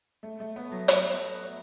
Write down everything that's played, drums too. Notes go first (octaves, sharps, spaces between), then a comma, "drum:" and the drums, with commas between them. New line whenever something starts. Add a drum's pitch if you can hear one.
A3
A3
B3
F#3
F#3, drum: hi-hat